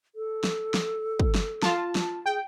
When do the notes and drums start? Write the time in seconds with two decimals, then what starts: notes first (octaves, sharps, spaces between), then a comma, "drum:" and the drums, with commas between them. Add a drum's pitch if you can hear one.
0.15 A4
0.44 drum: snare
0.74 drum: snare
1.19 drum: kick
1.35 drum: snare
1.63 F4 A5, drum: snare
1.95 drum: snare
2.26 G#4 G5